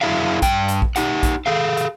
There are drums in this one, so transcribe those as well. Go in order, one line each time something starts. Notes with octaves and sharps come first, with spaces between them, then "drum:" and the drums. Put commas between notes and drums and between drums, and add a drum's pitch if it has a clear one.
F#2 F3 E4 G#4 E5 F5
G2 G5, drum: kick A#1, hi-hat
drum: hi-hat
drum: kick A#1
D#4 G4 F#5, drum: hi-hat
drum: kick A#1, hi-hat
G#4 A4 F5
drum: hi-hat